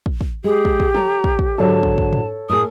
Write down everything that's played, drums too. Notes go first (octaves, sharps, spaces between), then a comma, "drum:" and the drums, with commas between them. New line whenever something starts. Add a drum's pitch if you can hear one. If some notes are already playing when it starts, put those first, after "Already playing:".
drum: kick
drum: kick
G#3 G4 G#4
drum: kick
drum: kick
A4 C#5 A#5, drum: tom
drum: kick
drum: kick
G#2 D3 F#3 A4 C#5 A5
drum: kick
drum: kick
drum: tom
A2 G#4 A#4 D#6